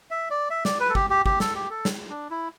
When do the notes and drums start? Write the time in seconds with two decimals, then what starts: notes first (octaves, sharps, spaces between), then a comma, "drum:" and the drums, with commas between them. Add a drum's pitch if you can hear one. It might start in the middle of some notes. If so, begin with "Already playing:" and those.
0.11 E5
0.30 D5
0.50 E5
0.65 D5, drum: snare
0.80 B4
0.90 A4
0.95 G4, drum: kick
1.10 G4
1.26 G4, drum: kick
1.40 A4, drum: snare
1.55 G4
1.70 A4
1.85 drum: snare
2.10 D4
2.30 E4